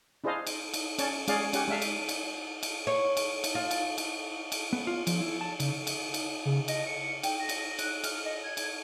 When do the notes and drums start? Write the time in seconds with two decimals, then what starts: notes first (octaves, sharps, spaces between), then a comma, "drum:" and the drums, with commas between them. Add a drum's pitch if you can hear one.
0.24 D4 E4 G#4 C5 D#5 F5
0.47 drum: cymbal
0.74 drum: cymbal
0.99 C#4 C#5 D5 A5, drum: cymbal
1.28 G#3 C#4 G#4 D5 F5, drum: cymbal
1.53 C#4 G4 F#5, drum: cymbal
1.67 G#3 D4 E5 F5
1.82 drum: cymbal
2.09 drum: cymbal
2.63 drum: cymbal
2.87 C#5
3.17 drum: cymbal
3.44 drum: cymbal
3.55 F4
3.71 drum: cymbal
3.98 drum: cymbal
4.52 drum: cymbal
4.73 B3
4.87 F4
5.07 F3, drum: cymbal
5.21 E4
5.41 A5
5.60 C#3, drum: cymbal
5.87 drum: cymbal
6.14 drum: cymbal
6.45 C#3
6.68 D#5, drum: cymbal
6.87 C#7
7.23 G5, drum: cymbal
7.40 A#6
7.49 drum: cymbal
7.79 F#6, drum: cymbal
8.04 F6, drum: cymbal
8.25 D#5
8.44 G#6
8.57 drum: cymbal